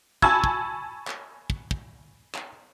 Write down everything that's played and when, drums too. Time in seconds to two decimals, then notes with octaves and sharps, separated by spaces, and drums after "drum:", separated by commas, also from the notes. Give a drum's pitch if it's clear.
0.22 G#5 A5 B5 C#6 E6 G#6, drum: kick
0.44 drum: kick
1.07 drum: clap
1.50 drum: kick
1.71 drum: kick
2.35 drum: clap